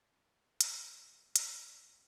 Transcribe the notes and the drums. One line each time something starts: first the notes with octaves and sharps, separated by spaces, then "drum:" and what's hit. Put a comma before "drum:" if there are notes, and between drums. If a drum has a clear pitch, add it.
A2 F3
drum: hi-hat
A#2
D3 D#3 F3 F#3 A3, drum: hi-hat
C4 D#4 F4 C5